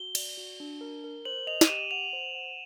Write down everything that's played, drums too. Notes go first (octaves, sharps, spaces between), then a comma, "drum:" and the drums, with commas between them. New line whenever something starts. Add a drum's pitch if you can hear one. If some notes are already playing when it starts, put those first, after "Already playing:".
Already playing: F#4 G7
D5, drum: cymbal
F#4
D4
A#4
A#4
C5 F#7
D#5 F7
D#7, drum: snare
G4 E7
F#5 F7
C5
F#5